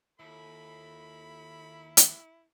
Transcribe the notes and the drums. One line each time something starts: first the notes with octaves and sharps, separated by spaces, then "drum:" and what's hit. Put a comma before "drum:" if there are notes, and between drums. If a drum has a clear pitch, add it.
D#2 E4 F4 A4 B5
drum: hi-hat